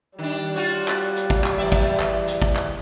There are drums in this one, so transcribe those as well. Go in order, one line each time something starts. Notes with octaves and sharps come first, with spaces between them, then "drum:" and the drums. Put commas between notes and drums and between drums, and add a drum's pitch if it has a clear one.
D#3 G3 D4
F4 F#4 C#5
drum: clap
drum: hi-hat
drum: kick
drum: clap
E2 D5 E5
drum: kick, hi-hat
drum: clap
drum: hi-hat
drum: kick
drum: clap